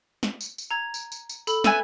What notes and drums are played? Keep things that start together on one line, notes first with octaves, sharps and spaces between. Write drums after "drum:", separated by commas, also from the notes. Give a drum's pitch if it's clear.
drum: snare
drum: tambourine
drum: tambourine
A#5 G#6
drum: tambourine
drum: tambourine
drum: tambourine
A4 B5, drum: tambourine
B3 E5 G#5, drum: snare